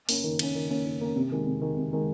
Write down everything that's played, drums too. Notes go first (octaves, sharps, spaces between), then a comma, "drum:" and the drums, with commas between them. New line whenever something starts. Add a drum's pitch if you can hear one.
A#3 C#4, drum: open hi-hat
D#3
A#3 C#4, drum: cymbal
D#3
A#3 C#4
D#3
A#3 C#4
C3
D#3 G#3
C3
D#3 G#3
C3
D#3 G#3